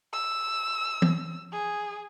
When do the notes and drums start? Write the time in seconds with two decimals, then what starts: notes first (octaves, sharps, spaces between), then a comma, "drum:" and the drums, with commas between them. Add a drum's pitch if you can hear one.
0.13 E6
1.02 drum: tom E3
1.52 G#4